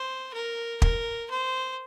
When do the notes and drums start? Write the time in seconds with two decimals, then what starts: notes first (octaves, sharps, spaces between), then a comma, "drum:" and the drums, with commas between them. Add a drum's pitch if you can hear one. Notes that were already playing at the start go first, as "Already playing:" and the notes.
Already playing: C5
0.33 A#4
0.82 A#4, drum: kick
1.30 C5